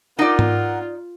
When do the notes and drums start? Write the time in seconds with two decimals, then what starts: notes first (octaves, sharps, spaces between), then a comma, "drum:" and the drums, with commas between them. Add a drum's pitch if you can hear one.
0.19 D#4 F4 A#4 D5 F#5
0.39 drum: tom G#2